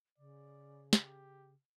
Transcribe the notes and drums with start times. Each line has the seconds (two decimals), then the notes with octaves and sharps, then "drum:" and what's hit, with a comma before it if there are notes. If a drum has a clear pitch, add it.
0.18 C#3 D5
0.93 G4, drum: snare